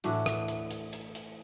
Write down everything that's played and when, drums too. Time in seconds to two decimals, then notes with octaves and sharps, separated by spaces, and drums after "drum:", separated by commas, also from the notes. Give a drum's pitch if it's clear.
0.04 A2 E3 D4 F#4, drum: hi-hat
0.26 drum: rim click
0.48 drum: hi-hat
0.71 drum: hi-hat
0.93 drum: hi-hat
1.15 drum: hi-hat